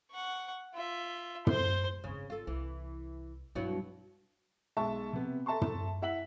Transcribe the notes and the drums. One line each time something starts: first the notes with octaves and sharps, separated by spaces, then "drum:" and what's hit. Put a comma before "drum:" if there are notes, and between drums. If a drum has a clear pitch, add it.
F#5 C#6
F4 E5
C5 C6, drum: tom
G#1 C#3 C4
F4 A4
C2 E3
G2 B2 F#3 E4
B1 G#3 E5 A5 C#6
C3 B3
A4 E5 A5 A#5 C6 C#6
drum: tom
E4 E5 F#5 B6 F#7